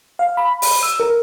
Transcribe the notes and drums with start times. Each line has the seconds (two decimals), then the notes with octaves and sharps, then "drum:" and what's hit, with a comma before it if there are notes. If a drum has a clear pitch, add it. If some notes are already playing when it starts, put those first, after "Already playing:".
0.19 F5
0.37 B5
0.62 drum: open hi-hat
0.83 E6
1.00 A#4